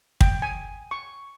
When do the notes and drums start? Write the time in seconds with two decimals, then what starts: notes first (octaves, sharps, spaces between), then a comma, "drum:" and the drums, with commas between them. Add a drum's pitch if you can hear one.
0.21 G5, drum: kick
0.42 G#5
0.91 C#6